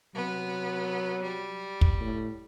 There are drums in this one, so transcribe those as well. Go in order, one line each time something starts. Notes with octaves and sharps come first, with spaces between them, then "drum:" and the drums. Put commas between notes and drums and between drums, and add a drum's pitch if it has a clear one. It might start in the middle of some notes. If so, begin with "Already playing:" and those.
C3 F#3 B3
G3
drum: kick
A2